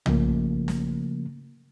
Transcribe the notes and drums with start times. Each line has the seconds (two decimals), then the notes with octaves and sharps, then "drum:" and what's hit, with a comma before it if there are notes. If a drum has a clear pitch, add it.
0.06 C#3 F3 A3 A#3, drum: tom
0.68 drum: snare